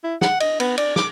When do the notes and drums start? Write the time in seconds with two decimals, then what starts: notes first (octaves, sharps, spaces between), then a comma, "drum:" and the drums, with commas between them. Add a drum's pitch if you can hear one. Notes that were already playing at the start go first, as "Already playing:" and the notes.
0.04 E4
0.21 F#5, drum: snare
0.40 D#5, drum: cymbal
0.60 B3, drum: cymbal
0.78 D5, drum: cymbal
0.96 D6, drum: snare